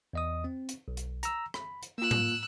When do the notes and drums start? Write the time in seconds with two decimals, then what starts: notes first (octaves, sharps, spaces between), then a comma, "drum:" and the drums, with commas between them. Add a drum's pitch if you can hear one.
0.13 E2 D#5 D#6
0.44 C4
0.69 drum: hi-hat
0.88 B1
0.97 drum: hi-hat
1.23 A#5 E6, drum: hi-hat
1.54 B5, drum: rim click
1.83 drum: hi-hat
1.98 A#3 F4 E6 F#6
2.11 drum: tom A2